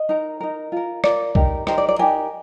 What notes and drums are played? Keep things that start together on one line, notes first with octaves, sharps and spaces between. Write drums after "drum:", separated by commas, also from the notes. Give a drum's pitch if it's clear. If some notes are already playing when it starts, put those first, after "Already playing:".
Already playing: D#5
D#4 A#4
D#4 A#4
F4 A#4
F4 A#4 D5, drum: rim click
D#4 G4 A#4, drum: kick B1
D#4 G4 A#4 C5, drum: rim click
D5
D5
D#4 G4 A#4 G#5